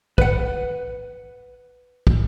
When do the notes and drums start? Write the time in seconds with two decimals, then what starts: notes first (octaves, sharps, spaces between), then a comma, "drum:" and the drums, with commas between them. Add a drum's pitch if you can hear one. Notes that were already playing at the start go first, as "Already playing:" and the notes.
0.18 B4 F#5, drum: kick
2.07 drum: kick